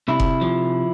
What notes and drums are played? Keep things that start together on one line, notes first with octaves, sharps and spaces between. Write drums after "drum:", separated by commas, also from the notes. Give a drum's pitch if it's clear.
C3 E4
drum: kick F1
F3